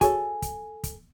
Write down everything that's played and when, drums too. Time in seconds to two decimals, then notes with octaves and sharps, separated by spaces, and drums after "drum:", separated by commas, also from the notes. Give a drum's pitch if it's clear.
0.01 F#4 G#4 A4 C#5 G#5, drum: kick, hi-hat
0.42 drum: kick, hi-hat
0.84 drum: kick, hi-hat